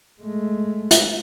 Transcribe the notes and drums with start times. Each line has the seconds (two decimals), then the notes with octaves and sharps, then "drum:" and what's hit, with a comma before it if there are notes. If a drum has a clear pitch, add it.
0.20 G#3 A3
0.91 drum: hi-hat